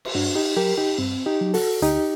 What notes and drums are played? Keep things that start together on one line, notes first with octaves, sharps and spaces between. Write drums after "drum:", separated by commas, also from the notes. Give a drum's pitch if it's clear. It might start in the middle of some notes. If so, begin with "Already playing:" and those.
drum: cymbal
G2 D4 F#4
D#4 G4
F#3 G4 A#4
D#4 G4
G2 C4
D#4 G4
F#3
F#4 A4, drum: open hi-hat
D2 D#4 G4, drum: hi-hat